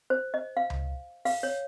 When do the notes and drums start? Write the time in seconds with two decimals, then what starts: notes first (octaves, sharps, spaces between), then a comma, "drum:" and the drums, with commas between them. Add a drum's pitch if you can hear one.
0.10 C5
0.34 D#5
0.57 F5
0.70 drum: tom C#2
1.25 F5, drum: open hi-hat
1.43 C#5